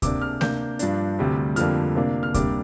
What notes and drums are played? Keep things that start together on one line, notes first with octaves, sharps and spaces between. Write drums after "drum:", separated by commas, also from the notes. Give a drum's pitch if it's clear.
C3 A#3 D4 D6, drum: kick D2, hi-hat
F6
C3 A#3 D4 G6, drum: snare A3
G2 F3 D4, drum: hi-hat
D2 C3 G3
F2 D3 G3 A#3 F6, drum: hi-hat
C3 A#3 D4
F6
C3 G3 A#3 D4 D6, drum: kick D2, hi-hat